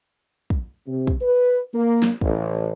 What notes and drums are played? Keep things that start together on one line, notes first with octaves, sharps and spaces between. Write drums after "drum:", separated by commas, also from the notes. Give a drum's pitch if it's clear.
drum: kick
C3
drum: kick
B4
A#3
drum: snare
A1, drum: kick